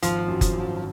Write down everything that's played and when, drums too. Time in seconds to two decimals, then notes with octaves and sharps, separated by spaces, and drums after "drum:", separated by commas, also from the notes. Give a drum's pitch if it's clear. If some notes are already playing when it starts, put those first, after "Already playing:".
0.02 G#1 F3, drum: hi-hat
0.28 F#2
0.41 drum: kick F#1, hi-hat
0.53 F#2